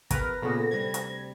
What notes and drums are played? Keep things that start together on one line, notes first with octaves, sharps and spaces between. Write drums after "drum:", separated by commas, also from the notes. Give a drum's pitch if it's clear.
E2 A#4 B4 A#6, drum: kick, hi-hat
A#2 C#3 B3 A4
D2 C3 G3 G#6
drum: hi-hat